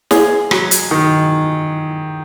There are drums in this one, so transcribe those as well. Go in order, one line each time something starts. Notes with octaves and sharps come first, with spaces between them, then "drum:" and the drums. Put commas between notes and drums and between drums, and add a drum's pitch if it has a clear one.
G#4, drum: snare
F#3, drum: rim click
drum: hi-hat
D#3